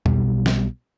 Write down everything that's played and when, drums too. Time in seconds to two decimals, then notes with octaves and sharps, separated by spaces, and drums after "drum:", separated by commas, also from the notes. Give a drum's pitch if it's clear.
0.06 B1 B2 G3, drum: tom E2
0.46 drum: snare